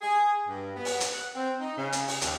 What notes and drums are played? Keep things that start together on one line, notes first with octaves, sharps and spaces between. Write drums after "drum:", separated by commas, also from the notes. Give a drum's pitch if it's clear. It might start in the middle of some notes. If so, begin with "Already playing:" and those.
G#4
G2
B3
drum: open hi-hat
drum: hi-hat
F#5
C4
D#4
C#3
drum: hi-hat
drum: open hi-hat
D#2, drum: hi-hat